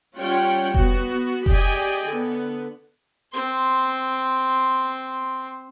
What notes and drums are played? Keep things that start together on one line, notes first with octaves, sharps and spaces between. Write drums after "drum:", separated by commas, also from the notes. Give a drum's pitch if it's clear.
G3 C#4 F4 C#5 F#5 G5
B3 F#4, drum: kick F1
G4 G#4 D5 D#5 G5 G#5, drum: kick F1
D3 B3
C4 C6